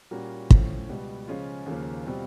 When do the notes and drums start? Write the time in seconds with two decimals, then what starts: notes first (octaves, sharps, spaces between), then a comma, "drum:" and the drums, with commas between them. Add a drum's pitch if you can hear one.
0.11 A#2 G3 A#3 C#4 F#4
0.50 A2 F3 A3 C#4, drum: kick
0.89 C#2 B2 G3 B3
1.28 C#3 F3 G#3 C#4 F4
1.66 D#2 C#3 F3 A#3
2.04 B2 G3 C4 F4